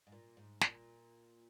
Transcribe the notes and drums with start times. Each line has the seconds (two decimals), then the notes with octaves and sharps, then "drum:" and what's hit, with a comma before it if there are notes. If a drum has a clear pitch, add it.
0.07 G#2
0.12 A#2
0.37 G#2
0.61 A#2, drum: snare